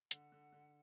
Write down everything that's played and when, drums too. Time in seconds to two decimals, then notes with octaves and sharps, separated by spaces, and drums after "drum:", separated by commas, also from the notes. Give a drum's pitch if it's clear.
0.11 D3 F#5, drum: hi-hat
0.32 D3
0.52 D3